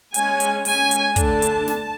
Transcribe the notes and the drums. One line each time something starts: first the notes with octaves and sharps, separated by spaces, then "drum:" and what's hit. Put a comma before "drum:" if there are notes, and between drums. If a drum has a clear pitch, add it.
G#3 C#4 G#5, drum: hi-hat
drum: hi-hat
G#3 C#4 G#5, drum: open hi-hat
drum: hi-hat
D3 A3 D4 A5, drum: kick, hi-hat
drum: hi-hat
drum: snare